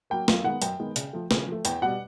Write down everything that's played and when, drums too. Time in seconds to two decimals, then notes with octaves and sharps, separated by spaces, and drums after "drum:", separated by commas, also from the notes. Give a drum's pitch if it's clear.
0.10 F#3 A#3 G5
0.28 F#2 F5, drum: snare
0.44 D#3 G#3 B3 F#5
0.62 F#2 G5, drum: hi-hat
0.79 D#3 G#3 B3
0.96 C#3, drum: hi-hat
1.13 F3 A3
1.31 C#3, drum: snare
1.47 F3 A3
1.65 E2 G5, drum: hi-hat
1.82 B2 G3 F#5